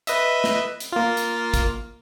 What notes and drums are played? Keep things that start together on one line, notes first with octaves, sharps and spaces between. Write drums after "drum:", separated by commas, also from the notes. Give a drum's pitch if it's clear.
B4 D#5 E5, drum: hi-hat
drum: snare
drum: hi-hat
A#3 F4
drum: hi-hat
drum: kick, hi-hat